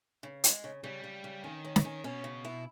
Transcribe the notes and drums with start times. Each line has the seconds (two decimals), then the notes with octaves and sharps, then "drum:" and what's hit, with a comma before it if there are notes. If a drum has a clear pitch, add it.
0.23 C#3
0.44 G#3, drum: hi-hat
0.64 C#3
0.84 C#3 G3
1.04 C#3
1.24 C#3
1.44 D#3 C#4
1.65 C#4
1.76 drum: snare
1.85 C#4
2.04 B2 C#4
2.24 C#3
2.45 E4